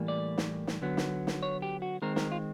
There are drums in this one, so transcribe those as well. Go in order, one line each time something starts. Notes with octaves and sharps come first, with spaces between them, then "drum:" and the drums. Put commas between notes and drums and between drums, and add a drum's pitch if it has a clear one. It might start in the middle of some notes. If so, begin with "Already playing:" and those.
Already playing: A2 E3 G3 A#3
D5
drum: snare
drum: snare
D3 F#3 B3
drum: snare
drum: snare
C#5
G4
F#4
D#3 G#3 C4 A#4
A#4, drum: snare
F4